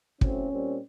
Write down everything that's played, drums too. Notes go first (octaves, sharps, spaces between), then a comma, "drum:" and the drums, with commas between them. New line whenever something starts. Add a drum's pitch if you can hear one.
A2 F#3 A3 C4 C#4, drum: kick
A#2 G3 C4